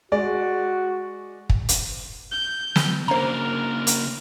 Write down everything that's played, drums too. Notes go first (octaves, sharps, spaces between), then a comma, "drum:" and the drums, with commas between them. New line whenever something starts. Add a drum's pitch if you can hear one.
G#3 F#4 D5
drum: kick
drum: hi-hat
G6
drum: snare
C#3 A#3 D4 A#4 C5 A#5
drum: hi-hat